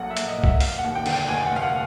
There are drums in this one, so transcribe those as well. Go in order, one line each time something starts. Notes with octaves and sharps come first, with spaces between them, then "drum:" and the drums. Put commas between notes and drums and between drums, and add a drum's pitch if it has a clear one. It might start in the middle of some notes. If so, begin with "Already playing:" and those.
Already playing: A#1 A#2 F#3 A3 F#5
E5
A#1, drum: hi-hat
D#5
A#2
E5, drum: kick B1
F1 F5, drum: open hi-hat
F#5
D#2
G5
D3, drum: cymbal
G5
F1 G#5
F#5
F1 F5
F#5